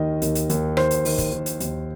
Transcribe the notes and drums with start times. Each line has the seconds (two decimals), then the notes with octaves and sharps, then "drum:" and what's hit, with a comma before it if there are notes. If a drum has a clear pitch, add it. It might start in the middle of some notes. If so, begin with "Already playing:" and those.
Already playing: D#2 D#3 D#5
0.22 D#2, drum: hi-hat
0.35 drum: hi-hat
0.49 D#2, drum: hi-hat
0.77 D#3 C5, drum: rim click
0.91 drum: hi-hat
1.05 D#3, drum: open hi-hat
1.18 drum: kick, hi-hat
1.33 D#3
1.46 drum: hi-hat
1.60 D#2, drum: hi-hat